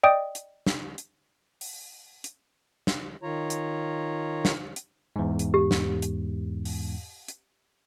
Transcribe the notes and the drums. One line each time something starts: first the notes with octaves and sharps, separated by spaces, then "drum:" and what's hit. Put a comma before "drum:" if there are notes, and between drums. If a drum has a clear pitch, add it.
D5 D#5 G5 D#6
drum: hi-hat
drum: snare
drum: hi-hat
drum: open hi-hat
drum: hi-hat
drum: snare
D#3 F4 C#5 A#5
drum: hi-hat
drum: snare
drum: hi-hat
E2 G#2
drum: hi-hat
G4
drum: snare
drum: hi-hat
drum: open hi-hat
drum: hi-hat